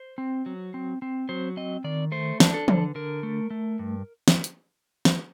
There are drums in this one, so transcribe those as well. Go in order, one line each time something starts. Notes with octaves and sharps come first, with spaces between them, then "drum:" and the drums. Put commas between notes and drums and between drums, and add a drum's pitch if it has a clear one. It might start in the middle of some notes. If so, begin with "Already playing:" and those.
Already playing: C5
C4
F#3
C4
C4
F#3 C5
C4 D#5
D#3 D5
A3 C5
D4, drum: snare
A4
D3, drum: tom E3
D3 A#4
A3
A3
G2
drum: snare
drum: hi-hat
drum: snare